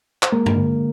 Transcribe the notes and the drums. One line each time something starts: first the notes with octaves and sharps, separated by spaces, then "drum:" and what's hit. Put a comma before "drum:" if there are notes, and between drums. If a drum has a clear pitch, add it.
C5, drum: clap
G#3 A#3 A#4
drum: tom G2
D3